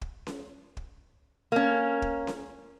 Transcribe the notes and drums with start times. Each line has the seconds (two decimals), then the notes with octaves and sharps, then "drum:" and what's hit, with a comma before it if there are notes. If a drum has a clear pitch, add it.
0.01 drum: kick
0.27 drum: snare C#4
0.77 drum: kick
1.52 A#3 C#4
2.02 drum: kick
2.27 drum: snare C#4